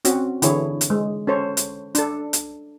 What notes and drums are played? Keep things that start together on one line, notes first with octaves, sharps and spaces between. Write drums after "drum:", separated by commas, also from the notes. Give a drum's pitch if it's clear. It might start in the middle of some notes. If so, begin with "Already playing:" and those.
C4 C#4 F#4, drum: hi-hat
D3 E3 E4 G#4 C#5, drum: hi-hat
drum: hi-hat
G#3
C#4 A4 C5 C#5
drum: hi-hat
D4 A4, drum: hi-hat
drum: hi-hat